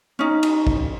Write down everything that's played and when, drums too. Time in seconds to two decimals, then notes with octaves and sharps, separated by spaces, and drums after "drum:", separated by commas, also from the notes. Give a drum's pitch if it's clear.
0.19 C#4 D#4
0.43 drum: cymbal
0.67 drum: kick